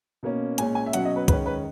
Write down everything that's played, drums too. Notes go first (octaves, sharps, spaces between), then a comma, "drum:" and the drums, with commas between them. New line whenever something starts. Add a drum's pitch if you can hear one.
B2 A#3 C#4
A#2 G#3 C#4 G#5, drum: hi-hat
G#5
E5
B2 F#3 C#4 F#5, drum: hi-hat
D#5
B4
D#3 G#3 C#4 B4, drum: kick, hi-hat
B4